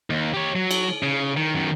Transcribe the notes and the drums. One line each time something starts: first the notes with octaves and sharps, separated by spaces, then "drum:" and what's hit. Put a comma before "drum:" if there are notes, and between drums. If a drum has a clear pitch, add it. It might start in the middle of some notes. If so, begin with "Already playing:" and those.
D#2
G4 C#5
F#3
drum: cymbal
C#3
D#3
F#2 D#3